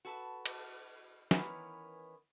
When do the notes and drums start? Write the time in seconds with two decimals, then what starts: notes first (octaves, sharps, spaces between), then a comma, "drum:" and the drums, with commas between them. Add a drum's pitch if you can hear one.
0.05 F#4 A4 B4 A5
0.46 drum: cymbal
1.31 D#3 E3 B3 C#4 A#4, drum: snare